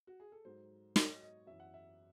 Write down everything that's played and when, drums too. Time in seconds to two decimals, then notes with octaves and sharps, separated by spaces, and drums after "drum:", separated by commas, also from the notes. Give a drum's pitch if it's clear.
0.07 F#4
0.20 G#4
0.32 A4
0.45 G#2 F#3 C5
0.96 G#2 F#3 C#5, drum: snare
1.08 D#5
1.22 D#5
1.47 F#2 E3 E5
1.60 F#5
1.74 E5